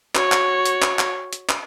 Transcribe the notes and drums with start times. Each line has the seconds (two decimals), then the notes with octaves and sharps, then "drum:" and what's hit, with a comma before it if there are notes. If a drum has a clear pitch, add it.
0.15 F#4 C#5, drum: clap
0.32 drum: clap
0.66 drum: hi-hat
0.82 drum: clap
0.99 drum: clap
1.33 drum: hi-hat
1.49 drum: clap